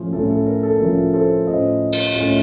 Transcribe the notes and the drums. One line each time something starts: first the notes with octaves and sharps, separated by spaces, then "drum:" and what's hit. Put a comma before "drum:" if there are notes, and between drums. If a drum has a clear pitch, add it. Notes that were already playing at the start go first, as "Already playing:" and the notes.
Already playing: A2 F3 A3 C#4 F4
A2 F3 A3 C#4 F4 A4
A4
A#4
A4
A2 F3 A3 C#4 F4 A#4
A4 C5
A2 A3 C#4 F4 C5 D#5
drum: cymbal
A2 A3 C#4 F4